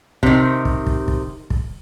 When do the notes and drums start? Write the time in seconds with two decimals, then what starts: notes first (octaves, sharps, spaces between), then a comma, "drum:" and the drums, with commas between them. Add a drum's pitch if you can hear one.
0.23 C3 D#3, drum: kick
0.65 drum: kick
0.87 drum: kick
1.08 drum: kick
1.50 drum: kick